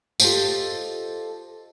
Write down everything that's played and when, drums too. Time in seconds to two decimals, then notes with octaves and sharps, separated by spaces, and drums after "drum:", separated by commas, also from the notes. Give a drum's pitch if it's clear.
0.20 F4 G4 A4 C5 D#5, drum: tambourine